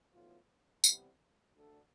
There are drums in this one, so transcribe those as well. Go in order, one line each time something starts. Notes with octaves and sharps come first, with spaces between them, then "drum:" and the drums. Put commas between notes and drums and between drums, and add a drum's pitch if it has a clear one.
B1 A2 F3 B3 F4
C2 C3 E3 G3 B3, drum: tambourine
D2 D3 A3 D4 A4